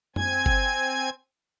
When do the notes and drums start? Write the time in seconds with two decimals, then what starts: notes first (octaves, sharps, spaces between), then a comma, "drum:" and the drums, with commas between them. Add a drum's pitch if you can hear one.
0.16 C4 G#5 G#6, drum: tom F#2
0.46 drum: kick F#1